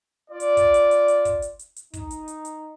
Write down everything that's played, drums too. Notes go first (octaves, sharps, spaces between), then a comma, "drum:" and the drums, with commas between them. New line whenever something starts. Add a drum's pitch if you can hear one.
F4 D5
drum: hi-hat
drum: kick, hi-hat
drum: hi-hat
drum: hi-hat
drum: hi-hat
drum: kick, hi-hat
drum: hi-hat
drum: hi-hat
drum: hi-hat
D#4, drum: kick, hi-hat
drum: hi-hat
drum: hi-hat
drum: hi-hat